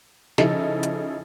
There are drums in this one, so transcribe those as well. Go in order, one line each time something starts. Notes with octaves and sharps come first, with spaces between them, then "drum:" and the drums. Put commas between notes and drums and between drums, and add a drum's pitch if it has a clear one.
C#3 F3 D#4 E4 A4, drum: snare
drum: hi-hat